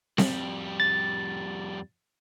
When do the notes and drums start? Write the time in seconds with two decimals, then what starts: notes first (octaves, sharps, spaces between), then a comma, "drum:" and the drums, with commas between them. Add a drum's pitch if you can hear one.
0.18 F2 G3, drum: snare C4
0.80 A6